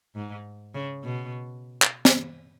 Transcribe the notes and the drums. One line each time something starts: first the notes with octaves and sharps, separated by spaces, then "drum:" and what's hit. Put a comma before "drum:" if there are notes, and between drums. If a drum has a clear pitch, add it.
G#2
C#3
B2
drum: clap
drum: snare